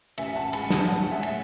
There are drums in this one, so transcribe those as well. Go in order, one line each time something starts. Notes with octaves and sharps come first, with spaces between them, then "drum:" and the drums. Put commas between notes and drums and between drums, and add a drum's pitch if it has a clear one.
A1 E5 G#5, drum: cymbal
F#5 A5
G#3 G#5 B5, drum: cymbal
F#5 A5, drum: snare
C#4 F#5 A5
E5 G#5
A2, drum: cymbal